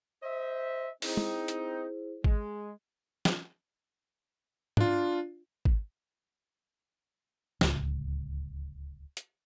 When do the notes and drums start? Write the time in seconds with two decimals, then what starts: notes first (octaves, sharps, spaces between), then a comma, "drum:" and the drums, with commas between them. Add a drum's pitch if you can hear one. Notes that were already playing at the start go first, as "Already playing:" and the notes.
0.23 C5 D#5 E5
1.02 C4 D#4 E4 G#4 C5, drum: open hi-hat
1.17 drum: tom
1.48 drum: hi-hat
2.24 G#3, drum: kick G#1
3.25 drum: snare
4.77 D4 F4, drum: tom
5.65 drum: kick G#1
7.61 D1 C#2, drum: snare
9.17 drum: hi-hat